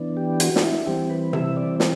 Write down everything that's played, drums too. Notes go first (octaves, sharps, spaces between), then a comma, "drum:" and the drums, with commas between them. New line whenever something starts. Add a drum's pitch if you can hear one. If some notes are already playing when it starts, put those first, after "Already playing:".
Already playing: E3 B3 D4
G4
F#4, drum: hi-hat
D4, drum: snare
E4
E3 G3 C4 G4
B4
E5, drum: tom C3
D5
drum: snare